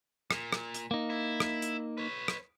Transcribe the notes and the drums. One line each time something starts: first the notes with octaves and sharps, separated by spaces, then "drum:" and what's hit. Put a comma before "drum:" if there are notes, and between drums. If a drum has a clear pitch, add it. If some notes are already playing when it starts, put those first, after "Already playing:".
A#2, drum: rim click
drum: rim click
drum: hi-hat
A#3 D#4
E4
drum: rim click
drum: hi-hat
B4 C#5
drum: rim click